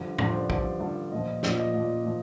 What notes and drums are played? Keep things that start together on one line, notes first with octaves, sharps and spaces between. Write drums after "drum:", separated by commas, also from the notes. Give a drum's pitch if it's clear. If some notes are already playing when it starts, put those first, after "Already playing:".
Already playing: G2 D3 F3 D5
G2 D3 F3 D5, drum: tom A2
C5
D5
G2 D3 F3 D5, drum: kick B1
G2 D3 F3
A#2 F3 D#5
A#2 F3 D5, drum: snare
D#5
A#2 F3
A#2 F3